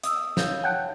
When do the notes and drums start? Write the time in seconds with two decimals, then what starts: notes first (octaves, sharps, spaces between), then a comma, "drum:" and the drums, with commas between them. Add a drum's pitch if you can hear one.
0.04 D#6 E6, drum: hi-hat
0.37 C#5 F5 G6, drum: snare
0.63 C#5 F#5 G5 A5